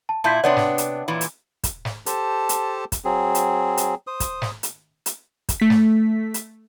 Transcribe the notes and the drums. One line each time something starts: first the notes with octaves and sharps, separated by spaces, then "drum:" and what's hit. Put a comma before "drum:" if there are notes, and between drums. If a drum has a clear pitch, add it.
A5
A#2 E4 A5 G6 B6
C3 B3 D4 C#5 D5 F#5
drum: snare
drum: hi-hat
A#2 E3
drum: hi-hat
drum: kick, hi-hat
drum: snare
G4 A4 C5 A5, drum: hi-hat
drum: hi-hat
drum: kick, hi-hat
F#3 C4 G#4
drum: hi-hat
drum: hi-hat
C5 D#6
drum: kick, hi-hat
drum: snare
drum: hi-hat
drum: hi-hat
drum: kick, hi-hat
A3 B6
drum: snare
drum: hi-hat